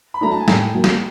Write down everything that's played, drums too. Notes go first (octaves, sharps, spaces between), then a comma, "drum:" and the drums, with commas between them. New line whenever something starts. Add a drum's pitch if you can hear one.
B5
F#3 A3 D4 A#5
A5
G#5
A2 G5, drum: snare
F#3 A#3
drum: snare